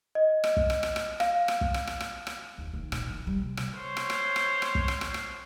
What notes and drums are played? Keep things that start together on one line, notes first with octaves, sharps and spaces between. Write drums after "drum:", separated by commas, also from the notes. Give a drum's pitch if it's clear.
D#5
drum: rim click
drum: kick
drum: rim click
drum: rim click
drum: rim click
F5, drum: rim click
drum: rim click
drum: kick
drum: rim click
drum: rim click
drum: rim click
drum: rim click
D#2
D#3
A#2, drum: rim click
D#3
G3
C3
drum: rim click
C5 C#5
drum: rim click
drum: rim click
drum: rim click
drum: rim click
drum: kick
drum: rim click
drum: rim click
drum: rim click